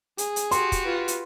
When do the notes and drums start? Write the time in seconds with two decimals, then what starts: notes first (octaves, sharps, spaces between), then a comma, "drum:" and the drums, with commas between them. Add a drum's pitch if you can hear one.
0.18 G#4, drum: hi-hat
0.36 drum: hi-hat
0.51 F#4 G4 C6, drum: hi-hat
0.72 drum: kick, hi-hat
0.84 F4 B4
1.08 drum: hi-hat